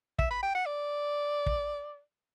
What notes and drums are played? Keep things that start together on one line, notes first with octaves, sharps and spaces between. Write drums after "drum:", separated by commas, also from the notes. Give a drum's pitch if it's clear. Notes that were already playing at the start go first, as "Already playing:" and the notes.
E5, drum: kick
B5
G5
F#5
D5
drum: kick